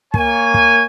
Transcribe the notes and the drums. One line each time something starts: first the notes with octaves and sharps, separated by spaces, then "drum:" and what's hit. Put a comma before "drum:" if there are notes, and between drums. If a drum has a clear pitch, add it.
A#3 C#5 G#5, drum: kick
drum: kick